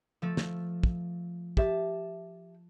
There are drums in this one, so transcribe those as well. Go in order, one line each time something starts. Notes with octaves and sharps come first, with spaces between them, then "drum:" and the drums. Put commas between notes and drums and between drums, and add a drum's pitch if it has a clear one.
F3 A3 A4
drum: snare
drum: kick
G4 E5 A5, drum: kick